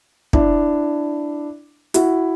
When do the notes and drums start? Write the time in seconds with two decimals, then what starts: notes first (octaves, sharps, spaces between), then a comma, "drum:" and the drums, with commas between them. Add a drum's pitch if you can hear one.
0.33 D4 E4, drum: kick
1.94 E4 F#4, drum: hi-hat